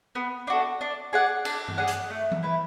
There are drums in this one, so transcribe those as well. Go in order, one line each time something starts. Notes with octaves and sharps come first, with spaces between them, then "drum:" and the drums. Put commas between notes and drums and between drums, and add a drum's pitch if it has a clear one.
B3
D4 F#4 A4
D4
G#4 D5 F#5
D4, drum: cymbal
drum: tom G2
G#4 D5 F#5
drum: hi-hat
A3
drum: tom E3
E4 B4